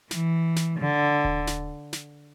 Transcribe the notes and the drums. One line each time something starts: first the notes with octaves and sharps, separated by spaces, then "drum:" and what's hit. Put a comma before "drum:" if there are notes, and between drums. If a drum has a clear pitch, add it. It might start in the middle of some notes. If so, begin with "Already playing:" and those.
E3, drum: snare
drum: snare
D3
drum: kick D#1
drum: snare
drum: snare